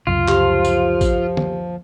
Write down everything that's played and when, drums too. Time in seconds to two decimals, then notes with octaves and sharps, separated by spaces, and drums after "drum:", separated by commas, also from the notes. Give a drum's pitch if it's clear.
0.07 C#2 F#2 C3 F4
0.28 F3 G4, drum: clap
0.65 drum: tambourine
1.01 drum: kick A1, tambourine
1.37 drum: tom D3